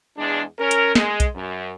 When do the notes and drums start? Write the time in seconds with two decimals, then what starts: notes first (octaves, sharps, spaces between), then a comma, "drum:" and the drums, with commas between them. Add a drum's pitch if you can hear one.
0.17 E2 G#3 D4
0.58 C#4 A#4
0.71 drum: hi-hat
0.95 G#3, drum: snare
1.20 drum: kick, hi-hat
1.35 F#2